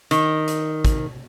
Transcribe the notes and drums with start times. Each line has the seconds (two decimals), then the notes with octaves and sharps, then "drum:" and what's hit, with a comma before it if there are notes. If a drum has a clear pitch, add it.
0.11 D#3, drum: hi-hat
0.48 drum: hi-hat
0.85 drum: kick, hi-hat